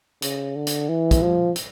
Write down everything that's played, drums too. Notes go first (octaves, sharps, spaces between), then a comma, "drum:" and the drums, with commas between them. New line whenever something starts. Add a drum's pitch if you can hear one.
C#3, drum: hi-hat
D3
drum: hi-hat
E3
drum: kick, hi-hat
F3
drum: hi-hat